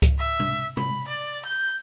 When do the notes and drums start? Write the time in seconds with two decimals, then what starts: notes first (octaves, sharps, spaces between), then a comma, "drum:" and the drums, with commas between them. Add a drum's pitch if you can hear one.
0.02 drum: kick C#2, hi-hat
0.19 E5
0.40 drum: tom B2
0.77 B5, drum: tom B2
1.08 D5
1.45 G6